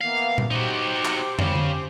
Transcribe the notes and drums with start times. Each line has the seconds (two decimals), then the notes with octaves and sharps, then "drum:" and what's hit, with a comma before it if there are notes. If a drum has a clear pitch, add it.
0.01 E3 A#3 B3 F5
0.38 drum: tom A#2
0.51 D#4 F#4 G4 C5 D6
1.05 drum: clap
1.39 C#3, drum: tom
1.55 drum: tom D3